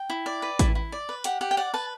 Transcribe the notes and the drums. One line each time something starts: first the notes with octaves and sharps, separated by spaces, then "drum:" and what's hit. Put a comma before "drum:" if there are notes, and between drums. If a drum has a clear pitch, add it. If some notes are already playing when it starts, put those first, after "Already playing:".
Already playing: G5
E4
D5
B4
E4, drum: kick A1, hi-hat
E4
D5
B4
G4 F#5, drum: hi-hat
G4 F#5
G5
D5 F#5
B4 A5